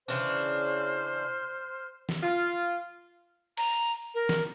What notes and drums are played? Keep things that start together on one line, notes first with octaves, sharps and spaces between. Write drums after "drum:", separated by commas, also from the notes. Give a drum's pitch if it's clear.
C#3 E3 D4 C5 F6
drum: snare E3
F4
A#5, drum: open hi-hat
A#4
drum: snare E3